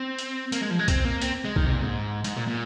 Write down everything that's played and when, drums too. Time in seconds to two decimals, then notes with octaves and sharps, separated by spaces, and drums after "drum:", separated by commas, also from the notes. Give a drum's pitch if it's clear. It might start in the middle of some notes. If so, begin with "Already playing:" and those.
Already playing: C4
0.19 drum: hi-hat
0.52 A#3, drum: hi-hat
0.61 G#3
0.70 F3
0.79 G#3
0.88 C4, drum: kick B1, hi-hat
1.05 A#3
1.22 C4, drum: hi-hat
1.45 G#3
1.56 D#3, drum: kick B1
1.65 C3
1.74 A#2
1.82 G#2
2.24 G#2, drum: hi-hat
2.37 A#2
2.48 A#2